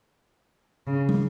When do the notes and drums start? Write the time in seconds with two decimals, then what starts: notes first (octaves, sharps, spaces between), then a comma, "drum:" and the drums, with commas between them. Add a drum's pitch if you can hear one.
0.87 C#3
1.09 drum: tom